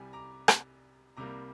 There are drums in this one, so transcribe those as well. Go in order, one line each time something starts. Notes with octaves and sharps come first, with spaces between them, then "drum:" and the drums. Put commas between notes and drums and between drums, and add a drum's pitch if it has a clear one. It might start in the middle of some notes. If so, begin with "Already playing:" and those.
Already playing: C2 C3 G3 G#5
A#5 D6
drum: rim click
C2 C3 G3 A#3 A#5 D6